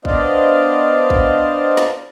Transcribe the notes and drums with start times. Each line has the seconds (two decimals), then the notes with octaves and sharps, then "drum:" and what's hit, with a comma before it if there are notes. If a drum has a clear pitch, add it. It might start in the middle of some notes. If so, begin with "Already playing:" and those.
0.05 B3 D4 C5 D5 D#5 F5, drum: kick A1
1.10 drum: kick A1
1.77 drum: snare